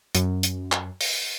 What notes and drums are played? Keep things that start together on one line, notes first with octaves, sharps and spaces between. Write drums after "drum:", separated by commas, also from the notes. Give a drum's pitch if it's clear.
F#2, drum: hi-hat
drum: hi-hat
drum: clap
drum: open hi-hat